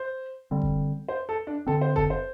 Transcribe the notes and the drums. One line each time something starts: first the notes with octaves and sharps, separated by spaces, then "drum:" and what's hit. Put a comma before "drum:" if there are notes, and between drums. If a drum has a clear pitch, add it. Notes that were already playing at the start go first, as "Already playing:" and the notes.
Already playing: C5
D3 G3 C4
drum: kick F#1
C5
A4
D4
D3 C4 A4
C5
A4, drum: kick F#1
C5